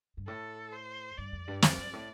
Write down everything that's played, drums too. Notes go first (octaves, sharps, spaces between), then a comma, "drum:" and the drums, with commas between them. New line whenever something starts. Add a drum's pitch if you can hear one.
G2
A2 A4
C5
G2 D5
F2
G2
F2 D5, drum: snare
G2
A2